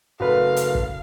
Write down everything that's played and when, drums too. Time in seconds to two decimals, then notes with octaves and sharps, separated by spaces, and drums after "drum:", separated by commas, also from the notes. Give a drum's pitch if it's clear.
0.20 F#1 A3 F#4 B4 F5
0.56 drum: hi-hat
0.75 drum: kick